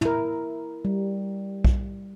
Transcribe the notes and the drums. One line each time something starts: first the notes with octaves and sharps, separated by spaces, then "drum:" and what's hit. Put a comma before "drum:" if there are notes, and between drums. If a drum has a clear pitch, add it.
E4 A#4, drum: tom
G3
drum: kick B1